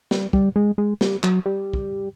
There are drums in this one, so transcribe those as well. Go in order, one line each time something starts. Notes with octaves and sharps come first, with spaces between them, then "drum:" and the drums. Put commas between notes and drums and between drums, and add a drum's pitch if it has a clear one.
G3, drum: snare
G3, drum: kick
G#3
G#3
G3, drum: snare
F#3, drum: clap
G3
drum: kick